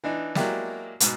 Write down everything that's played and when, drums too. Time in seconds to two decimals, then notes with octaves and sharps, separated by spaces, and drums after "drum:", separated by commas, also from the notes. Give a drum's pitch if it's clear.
0.04 E3 D4 D#4
0.35 F#3 G#3 A#3 E4 G4 D5, drum: snare
1.00 G#2 B2, drum: hi-hat